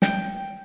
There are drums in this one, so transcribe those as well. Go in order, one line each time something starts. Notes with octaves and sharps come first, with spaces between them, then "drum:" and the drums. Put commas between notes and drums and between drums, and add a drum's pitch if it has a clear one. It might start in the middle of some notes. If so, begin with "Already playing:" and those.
G5, drum: snare